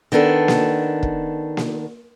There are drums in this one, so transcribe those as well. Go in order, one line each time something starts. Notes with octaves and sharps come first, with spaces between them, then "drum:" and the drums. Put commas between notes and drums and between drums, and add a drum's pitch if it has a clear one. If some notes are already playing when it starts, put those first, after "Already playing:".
D#3 B3 D4 A4
drum: snare A#3
drum: kick
drum: snare A#3